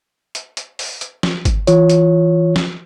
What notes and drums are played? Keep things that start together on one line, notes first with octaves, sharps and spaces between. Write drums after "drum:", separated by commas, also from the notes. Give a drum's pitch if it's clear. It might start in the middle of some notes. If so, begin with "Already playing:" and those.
drum: hi-hat
drum: hi-hat
drum: open hi-hat
drum: hi-hat
drum: snare
drum: kick, hi-hat
E3 F4 C#5, drum: hi-hat
drum: hi-hat
drum: snare